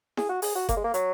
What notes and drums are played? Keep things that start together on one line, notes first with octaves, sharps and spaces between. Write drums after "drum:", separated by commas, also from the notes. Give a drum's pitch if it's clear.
G#4, drum: snare E4
F#4
G#4, drum: open hi-hat
F#4
A#3, drum: kick F#1, hi-hat
G#3
A#3
F#3, drum: hi-hat